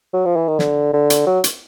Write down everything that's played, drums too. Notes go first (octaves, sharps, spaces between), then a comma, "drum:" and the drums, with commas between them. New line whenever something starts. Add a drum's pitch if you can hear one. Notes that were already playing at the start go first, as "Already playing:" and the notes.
F#3
F3
E3
D#3
D3, drum: snare
D3
drum: hi-hat
F#3
drum: hi-hat